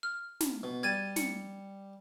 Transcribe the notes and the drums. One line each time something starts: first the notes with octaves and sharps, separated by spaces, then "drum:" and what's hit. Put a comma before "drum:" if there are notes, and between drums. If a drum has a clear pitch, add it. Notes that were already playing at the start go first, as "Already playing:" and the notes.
F6
drum: snare
B2
G3 G#6 A6 D#7
C#7, drum: snare